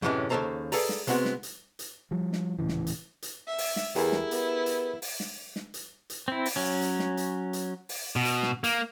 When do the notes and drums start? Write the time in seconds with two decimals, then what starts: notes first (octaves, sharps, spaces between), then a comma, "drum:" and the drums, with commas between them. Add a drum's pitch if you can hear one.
0.02 F#2 A2 C3 E3 G#3 C#4
0.30 D#2 C#3 F3 A4 C5 A#5
0.72 G#4 A4 B4 D5 A#5, drum: open hi-hat
0.89 drum: snare
1.07 C3 G#3 B3 C4 F#4, drum: hi-hat
1.25 drum: snare
1.43 drum: hi-hat
1.79 drum: hi-hat
2.11 F3 G3
2.33 drum: snare
2.59 D#1 A2 C#3 E3
2.69 drum: snare
2.87 drum: hi-hat
3.22 drum: hi-hat
3.48 E5
3.58 drum: open hi-hat
3.76 drum: snare
3.95 E2 E4 G4 G#4 A#4, drum: hi-hat
4.12 drum: snare
4.31 B3, drum: hi-hat
4.66 drum: hi-hat
5.02 drum: open hi-hat
5.20 drum: snare
5.56 drum: snare
5.74 drum: hi-hat
6.10 drum: hi-hat
6.28 C4 E4
6.45 drum: open hi-hat
6.56 F#3 C#4
6.81 drum: hi-hat
6.99 drum: snare
7.17 drum: hi-hat
7.53 drum: hi-hat
7.89 drum: open hi-hat
8.16 B2
8.25 drum: hi-hat
8.43 drum: snare
8.64 A#3, drum: hi-hat